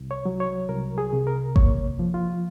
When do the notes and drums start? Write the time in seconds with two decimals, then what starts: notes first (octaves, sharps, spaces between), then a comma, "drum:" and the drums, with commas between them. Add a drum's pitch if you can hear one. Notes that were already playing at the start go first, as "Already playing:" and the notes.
Already playing: C2
0.11 C#5
0.25 F#3
0.40 C#5
0.69 C2 A#4
0.98 G#4
1.13 C3
1.27 A#4
1.56 A#3 C#5, drum: kick G#1
1.99 F3
2.14 F4